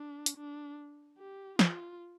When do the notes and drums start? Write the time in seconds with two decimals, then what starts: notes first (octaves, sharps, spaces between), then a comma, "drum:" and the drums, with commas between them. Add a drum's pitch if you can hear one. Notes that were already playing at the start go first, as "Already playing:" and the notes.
Already playing: D4
0.26 drum: hi-hat
0.37 D4
1.18 G4
1.59 F4, drum: snare